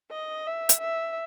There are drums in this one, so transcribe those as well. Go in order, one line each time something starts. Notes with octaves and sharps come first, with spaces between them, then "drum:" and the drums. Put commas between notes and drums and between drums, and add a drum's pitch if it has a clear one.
D#5
E5
drum: hi-hat
E5